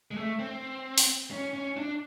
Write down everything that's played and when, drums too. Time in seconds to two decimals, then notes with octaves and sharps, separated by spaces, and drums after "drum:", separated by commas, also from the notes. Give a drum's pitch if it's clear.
0.11 G#3
0.17 A3
0.39 C4
0.98 drum: open hi-hat
1.31 C#4
1.54 C#4
1.77 D4